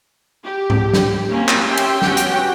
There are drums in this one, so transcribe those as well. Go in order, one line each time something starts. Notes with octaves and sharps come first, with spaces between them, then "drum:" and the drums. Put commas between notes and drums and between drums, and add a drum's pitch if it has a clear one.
G4
drum: tom G#2
drum: snare
A#3 C4 C#4
drum: clap
C#4 G4 E5 G5 C6
drum: cymbal
B3 C#4 F#4 G4 F#5 G5, drum: snare
drum: hi-hat